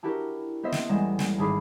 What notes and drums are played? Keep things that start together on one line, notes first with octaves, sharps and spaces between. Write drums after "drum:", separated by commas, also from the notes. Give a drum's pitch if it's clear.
D4 E4 F#4 G4 A#4
B3 C5 D#5 E5
drum: snare
A1 G3 G#3 F#5 A#6 E7
drum: snare
G#1 G#2 G#4 B5 D6 C7